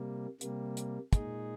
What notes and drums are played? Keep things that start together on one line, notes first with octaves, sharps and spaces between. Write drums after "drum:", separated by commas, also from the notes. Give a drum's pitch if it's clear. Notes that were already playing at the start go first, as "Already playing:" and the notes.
Already playing: C3 G3 A#3
C3 G3 A#3, drum: hi-hat
drum: hi-hat
A#2 G#3 D#4 G#4, drum: kick, hi-hat